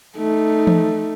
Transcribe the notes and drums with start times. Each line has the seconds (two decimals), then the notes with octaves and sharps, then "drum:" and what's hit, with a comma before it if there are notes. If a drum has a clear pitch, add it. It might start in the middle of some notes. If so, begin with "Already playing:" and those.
0.17 A3 D#4
0.67 drum: tom E3